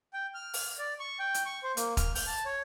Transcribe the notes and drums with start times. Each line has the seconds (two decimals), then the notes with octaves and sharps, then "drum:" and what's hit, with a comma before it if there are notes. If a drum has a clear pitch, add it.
0.13 G5
0.34 F6
0.54 drum: open hi-hat
0.79 D5
1.00 C#6
1.19 G5
1.34 drum: hi-hat
1.46 C#6
1.63 C5
1.77 A#3, drum: hi-hat
1.97 F6, drum: kick, hi-hat
2.15 G6, drum: open hi-hat
2.27 A5
2.45 C#5